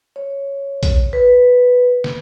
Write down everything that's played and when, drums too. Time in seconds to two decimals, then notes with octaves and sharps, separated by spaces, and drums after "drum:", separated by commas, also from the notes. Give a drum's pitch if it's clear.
0.16 C#5
0.83 drum: kick A#1, hi-hat
1.13 B4
2.04 drum: snare